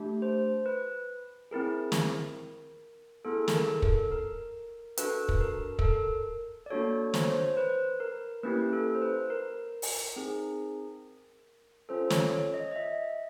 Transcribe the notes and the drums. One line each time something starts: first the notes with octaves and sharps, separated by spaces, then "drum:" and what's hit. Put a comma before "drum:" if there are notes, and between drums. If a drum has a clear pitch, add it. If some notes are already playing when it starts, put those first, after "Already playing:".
Already playing: A3 D4 G4
C5
B4
C4 E4 G#4 A#4
drum: snare
B3 E4 G#4 A4
A4, drum: snare
A#4
A4, drum: kick
A#4
D4 F#4 A4 B4, drum: hi-hat
drum: kick
A#4
A4, drum: kick
A#4
D5
A#3 D4 F#4 A4 C#5
C5, drum: snare
C#5
C5
C5
B4
A#4
A#3 C#4 E4 G4 B4
A4
C5
B4
A#4
drum: open hi-hat
C4 D#4 G#4
C#4 F4 A4 C5
C#5, drum: snare
C#5
D#5
D#5
E5